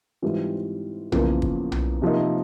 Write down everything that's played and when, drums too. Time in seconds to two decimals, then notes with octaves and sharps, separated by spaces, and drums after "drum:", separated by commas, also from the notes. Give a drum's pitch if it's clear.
0.22 G#2 E3 G3 C4 F4
1.12 E2 C#3 F3 A#3, drum: tom B1
1.42 drum: kick
1.72 drum: tom B1
2.02 C3 F3 A#3 D#4